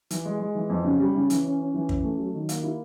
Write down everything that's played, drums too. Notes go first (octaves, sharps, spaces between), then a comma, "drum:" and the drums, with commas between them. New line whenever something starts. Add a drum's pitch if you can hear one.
E3, drum: hi-hat
G#3
G#3
E3
F2
C#3
G3
C#3
E3, drum: hi-hat
C#4
C#4
E3
C#4, drum: kick
A3
F#3
D#3
A#3, drum: hi-hat
E4